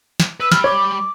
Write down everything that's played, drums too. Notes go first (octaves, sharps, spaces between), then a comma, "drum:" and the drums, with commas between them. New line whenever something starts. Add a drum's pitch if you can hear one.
drum: snare
B4 E6
G3 B5 F6, drum: snare
C#5 D6